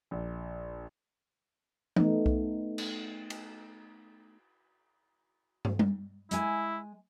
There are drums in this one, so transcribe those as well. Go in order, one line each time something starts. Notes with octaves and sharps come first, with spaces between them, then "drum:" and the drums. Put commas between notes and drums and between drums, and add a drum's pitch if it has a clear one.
A#1
A3 B3 D#4, drum: tom E3
drum: kick B1
drum: cymbal
drum: cymbal
drum: tom
drum: tom G3
G#3 E4 G#5, drum: hi-hat